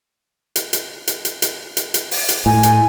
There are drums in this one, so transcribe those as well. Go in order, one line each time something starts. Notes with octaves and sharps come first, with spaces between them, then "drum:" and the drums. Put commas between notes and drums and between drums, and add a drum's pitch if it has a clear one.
drum: hi-hat
drum: hi-hat
drum: hi-hat
drum: hi-hat
drum: hi-hat
drum: hi-hat
drum: hi-hat
drum: open hi-hat
drum: hi-hat
A2 G#5
drum: hi-hat